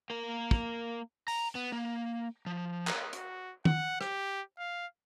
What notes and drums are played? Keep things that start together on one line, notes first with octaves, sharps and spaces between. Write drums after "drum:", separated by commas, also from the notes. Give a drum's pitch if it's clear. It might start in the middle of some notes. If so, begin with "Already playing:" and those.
A#3 A#4
drum: kick
A#5, drum: open hi-hat
B3
A#3
F3
drum: clap
F#4, drum: hi-hat
F#5, drum: tom
G4, drum: rim click
F5